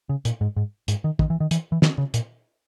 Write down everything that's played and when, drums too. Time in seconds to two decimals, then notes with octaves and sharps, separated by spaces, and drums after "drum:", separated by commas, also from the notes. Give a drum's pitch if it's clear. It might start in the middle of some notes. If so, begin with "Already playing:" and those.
0.09 C#3
0.25 A#2, drum: hi-hat
0.41 G#2
0.57 G#2
0.88 G#2, drum: hi-hat
1.04 D#3
1.19 D#3, drum: kick
1.30 E3
1.40 D#3
1.51 E3, drum: hi-hat
1.72 E3
1.82 D#3, drum: snare
1.98 C#3
2.14 A#2, drum: hi-hat